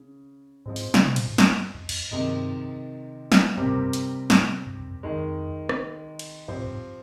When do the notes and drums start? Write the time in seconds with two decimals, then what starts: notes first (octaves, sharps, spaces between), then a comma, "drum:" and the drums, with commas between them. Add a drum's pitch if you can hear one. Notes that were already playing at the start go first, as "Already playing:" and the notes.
Already playing: C#3
0.66 G#2 F3 G#3 C4
0.76 drum: open hi-hat
0.94 C#3, drum: snare
1.06 C3
1.16 A#2, drum: cymbal
1.28 G#2
1.38 G2, drum: snare
1.75 F2
1.89 F2, drum: cymbal
2.11 G2 C3 D#3 G#3 D#4
3.32 drum: snare
3.57 G2 C3 G3 C4 G4 A#4
3.66 G#2
3.75 G2
3.93 drum: hi-hat
4.30 G#2, drum: snare
4.66 G2
4.80 F2
5.03 F2 D#3 G#3 D#4
5.69 drum: rim click
6.19 drum: cymbal
6.48 G2 F3 C4 G4 C5
6.57 G#2
6.64 G2
6.71 G#2